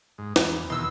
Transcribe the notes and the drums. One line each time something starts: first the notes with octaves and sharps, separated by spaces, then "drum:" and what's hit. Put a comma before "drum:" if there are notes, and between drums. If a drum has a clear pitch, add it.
G#2
E2, drum: snare
E2 B2 D#3 C6 E6